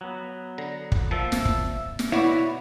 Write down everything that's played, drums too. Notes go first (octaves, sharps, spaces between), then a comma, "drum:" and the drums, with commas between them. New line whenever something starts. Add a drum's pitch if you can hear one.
F#3 B3
D3 A#5
drum: kick
A#2 F3 E5 A5
drum: snare
drum: kick
drum: snare
B2 E4 F#4 C#5 D5 B5 C#6